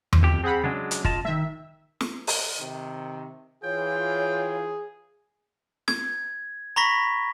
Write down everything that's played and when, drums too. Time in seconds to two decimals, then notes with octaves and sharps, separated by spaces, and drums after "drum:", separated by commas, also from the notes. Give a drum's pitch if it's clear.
0.13 drum: tom E2
0.23 F2 G4
0.44 C4 G#4 F#5 B5
0.64 C#3 F#3 G#3 D4
0.91 drum: hi-hat
1.05 F4 D#5 A5, drum: kick
1.25 D#3 G#3 E5
2.01 drum: snare
2.27 drum: open hi-hat
2.60 C3 D#3
3.64 E3 F4 G#4 C#5 G5
5.88 G#6, drum: snare
6.76 A#5 B5 C#6 A#6 B6